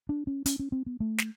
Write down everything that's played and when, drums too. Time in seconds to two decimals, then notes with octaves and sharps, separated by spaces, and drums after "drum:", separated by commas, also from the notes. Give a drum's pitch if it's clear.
0.09 D4
0.27 C#4
0.46 C#4, drum: hi-hat
0.59 C#4
0.72 C4
0.86 B3
1.00 A3
1.18 drum: snare